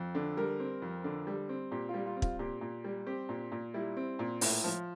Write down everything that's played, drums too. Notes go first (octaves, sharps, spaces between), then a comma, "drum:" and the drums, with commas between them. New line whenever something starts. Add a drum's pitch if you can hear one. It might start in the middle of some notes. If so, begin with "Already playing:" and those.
Already playing: F2
D3
G3 A#4
C4
F2
D3
G3
C4
A#2 G4
G3 F4
F4
C4
F4, drum: kick
A#2 G4
A#2
G3
C4 G4
A#2
A#2
G3 E4
C4
A#2
A2, drum: open hi-hat
F3